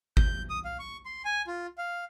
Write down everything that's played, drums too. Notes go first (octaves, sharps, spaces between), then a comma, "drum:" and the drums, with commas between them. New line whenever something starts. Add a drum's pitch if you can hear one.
G6, drum: kick G#1
D#6
F5
C#6
C6
G#5
F4
F5